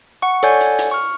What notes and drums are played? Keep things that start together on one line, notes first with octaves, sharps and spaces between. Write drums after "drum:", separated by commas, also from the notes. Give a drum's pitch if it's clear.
F#5 C#6
A4 C#5 D5 F#5 G#5 G6, drum: hi-hat
drum: hi-hat
drum: hi-hat
C#6 F6